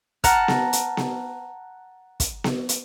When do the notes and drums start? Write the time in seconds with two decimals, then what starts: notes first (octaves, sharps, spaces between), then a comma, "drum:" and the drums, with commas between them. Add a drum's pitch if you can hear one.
0.24 F#5 A5 A#5 F6, drum: kick, hi-hat
0.48 drum: snare B3
0.73 drum: hi-hat
0.97 drum: snare B3
2.20 drum: kick, hi-hat
2.44 drum: snare B3
2.69 drum: hi-hat